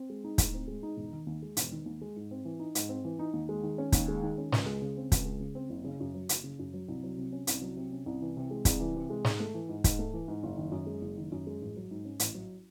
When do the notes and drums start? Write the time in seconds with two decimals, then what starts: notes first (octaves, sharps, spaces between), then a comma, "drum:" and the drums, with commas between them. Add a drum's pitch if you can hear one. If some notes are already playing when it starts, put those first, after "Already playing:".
Already playing: C4
0.10 G#3
0.24 D#4
0.38 A2, drum: kick, hi-hat
0.54 C4
0.68 G#3
0.83 D#4
0.97 E1
1.13 D#3
1.27 D#2
1.42 G#3
1.57 E1, drum: hi-hat
1.72 D#3
1.86 D#2
2.02 G#3
2.16 G#2
2.31 C4
2.45 E3
2.59 D#4
2.75 G#2, drum: hi-hat
2.89 C4
3.05 E3
3.19 D#4
3.33 D#2
3.49 G#3
3.63 D#3
3.78 C#4
3.92 D#2, drum: kick, hi-hat
4.08 G#3
4.23 D#3
4.38 C#4
4.52 C#2, drum: snare
4.66 G#3
4.82 C#3
4.97 C4
5.12 C#2, drum: kick, hi-hat
5.26 G#3
5.40 C#3
5.55 C4
5.70 F#1
5.84 C#3
6.00 F#2
6.15 F#3
6.29 F#1, drum: hi-hat
6.44 C#3
6.59 F#2
6.74 F#3
6.88 C2
7.03 F#3
7.17 C3
7.33 C#4
7.47 C2, drum: hi-hat
7.62 F#3
7.76 C3
7.92 C#4
8.06 C2
8.22 E3
8.37 C3
8.51 G#3
8.65 C2, drum: kick, hi-hat
8.80 E3
8.96 C3
9.10 G#3
9.25 G#2, drum: snare
9.40 A3
9.54 E3
9.69 G#2
9.84 G#2, drum: kick, hi-hat
9.99 A3
10.14 E3
10.28 G#2
10.43 F#1
10.58 D#3
10.72 F#2
10.87 G#3
11.02 F#1
11.17 D#3
11.32 F#2
11.47 G#3
11.61 A1
11.76 F#3
11.91 G#2
12.05 C#4
12.20 A1, drum: hi-hat
12.35 F#3